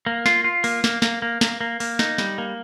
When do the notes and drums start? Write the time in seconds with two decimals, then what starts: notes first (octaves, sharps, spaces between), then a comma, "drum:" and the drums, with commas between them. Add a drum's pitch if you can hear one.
0.06 A#3
0.26 F4, drum: snare
0.44 F4
0.64 A#3, drum: open hi-hat
0.84 A#3, drum: snare
1.02 A#3, drum: snare
1.22 A#3
1.41 A#3, drum: snare
1.61 A#3
1.80 A#3, drum: open hi-hat
1.99 D#4, drum: snare
2.18 G3, drum: snare
2.38 A#3